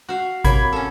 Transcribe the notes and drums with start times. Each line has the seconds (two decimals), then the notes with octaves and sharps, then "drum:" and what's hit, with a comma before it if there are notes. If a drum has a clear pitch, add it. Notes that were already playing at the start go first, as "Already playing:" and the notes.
0.09 F#4 F5
0.44 C3 A#3 C#5 B5 G#6, drum: kick G#1, hi-hat
0.72 C#4 A4